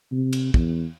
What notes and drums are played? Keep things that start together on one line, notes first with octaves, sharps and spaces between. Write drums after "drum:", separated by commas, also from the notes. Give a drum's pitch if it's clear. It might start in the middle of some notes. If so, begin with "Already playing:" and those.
C3
drum: cymbal
E2, drum: kick